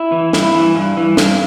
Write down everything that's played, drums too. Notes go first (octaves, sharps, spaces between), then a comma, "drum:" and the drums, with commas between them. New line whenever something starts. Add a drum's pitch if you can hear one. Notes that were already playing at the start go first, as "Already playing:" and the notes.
Already playing: E4
E3
G2 E4, drum: snare
E3
G2
E3
G2, drum: snare